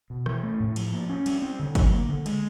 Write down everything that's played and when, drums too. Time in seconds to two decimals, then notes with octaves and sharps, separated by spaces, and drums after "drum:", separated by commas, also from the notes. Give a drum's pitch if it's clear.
0.10 B2
0.26 E3, drum: rim click
0.43 A3
0.60 A2
0.76 F3, drum: cymbal
0.93 A#3
1.09 C#4
1.26 G3, drum: cymbal
1.42 C4
1.59 D3
1.75 F#3, drum: kick, cymbal
1.92 A#3
2.09 D3
2.26 G#3, drum: cymbal